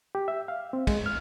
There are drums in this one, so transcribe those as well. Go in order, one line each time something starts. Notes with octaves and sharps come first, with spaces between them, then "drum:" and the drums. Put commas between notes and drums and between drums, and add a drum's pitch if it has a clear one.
G4
E5
F5
C4
G#3, drum: kick, cymbal
F6